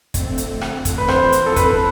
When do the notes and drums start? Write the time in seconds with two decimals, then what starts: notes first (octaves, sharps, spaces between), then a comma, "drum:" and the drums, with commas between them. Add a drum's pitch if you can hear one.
0.14 F2 D3 A3 C4, drum: kick, hi-hat
0.38 drum: hi-hat
0.61 drum: rim click
0.85 drum: kick, hi-hat
0.98 B4
1.08 E2 D3 F3 C4 C5, drum: rim click
1.32 drum: hi-hat
1.46 A4
1.56 B4, drum: kick, hi-hat